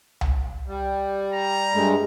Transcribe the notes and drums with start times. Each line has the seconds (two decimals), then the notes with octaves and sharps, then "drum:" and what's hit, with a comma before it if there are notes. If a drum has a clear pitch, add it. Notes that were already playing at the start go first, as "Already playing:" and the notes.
0.21 drum: tom C2
0.67 G3
1.33 A#5
1.74 G2 G#3 A3